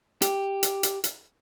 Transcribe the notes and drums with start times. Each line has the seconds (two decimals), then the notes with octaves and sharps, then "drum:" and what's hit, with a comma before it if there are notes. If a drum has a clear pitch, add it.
0.22 G4, drum: hi-hat
0.63 drum: hi-hat
0.83 drum: hi-hat
1.04 drum: hi-hat